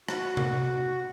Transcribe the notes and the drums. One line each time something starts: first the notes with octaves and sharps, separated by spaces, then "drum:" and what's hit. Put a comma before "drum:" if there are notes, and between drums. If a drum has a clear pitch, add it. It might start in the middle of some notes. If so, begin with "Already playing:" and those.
F#4, drum: rim click
drum: tom C3